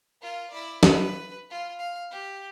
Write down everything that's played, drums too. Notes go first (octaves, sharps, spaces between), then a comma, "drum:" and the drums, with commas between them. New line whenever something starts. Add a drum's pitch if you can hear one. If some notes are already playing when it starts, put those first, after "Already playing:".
F4 A#4
E4 D5
B4, drum: snare
F4
F5
G4